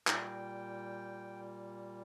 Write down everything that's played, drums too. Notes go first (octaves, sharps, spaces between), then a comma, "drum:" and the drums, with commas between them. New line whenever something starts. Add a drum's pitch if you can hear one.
A#2 G3 G5, drum: clap